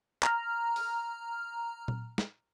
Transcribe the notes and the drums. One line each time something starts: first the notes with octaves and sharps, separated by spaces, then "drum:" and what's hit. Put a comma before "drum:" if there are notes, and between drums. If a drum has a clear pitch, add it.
A#5 F6, drum: clap
drum: open hi-hat
drum: tom A#2
drum: snare